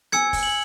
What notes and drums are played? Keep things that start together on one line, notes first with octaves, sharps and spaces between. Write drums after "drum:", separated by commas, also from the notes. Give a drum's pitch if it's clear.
G#5 E6 G#6 C#7, drum: snare B3
drum: kick, open hi-hat
F#7